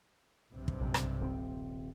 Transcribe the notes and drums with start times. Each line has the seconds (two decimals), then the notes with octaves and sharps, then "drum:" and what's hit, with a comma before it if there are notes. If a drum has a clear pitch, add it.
0.52 B1 G2 C3
0.68 drum: kick
0.80 A#1 F#2
0.94 drum: rim click
1.21 D#1 C4